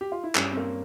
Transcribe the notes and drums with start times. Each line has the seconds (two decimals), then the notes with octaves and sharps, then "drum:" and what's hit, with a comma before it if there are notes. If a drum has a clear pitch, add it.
0.01 G4
0.12 F4
0.23 E4
0.35 G2 G3 C#4, drum: clap
0.52 C4
0.57 A#3